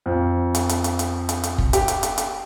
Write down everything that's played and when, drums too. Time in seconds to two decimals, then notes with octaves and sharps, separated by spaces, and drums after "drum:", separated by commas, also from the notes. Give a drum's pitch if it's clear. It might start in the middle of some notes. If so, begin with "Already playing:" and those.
0.06 F2
0.55 drum: hi-hat
0.69 drum: hi-hat
0.84 drum: hi-hat
0.99 drum: hi-hat
1.29 drum: hi-hat
1.44 drum: hi-hat
1.58 drum: kick
1.73 G4, drum: hi-hat
1.88 drum: hi-hat
2.03 drum: hi-hat
2.18 drum: hi-hat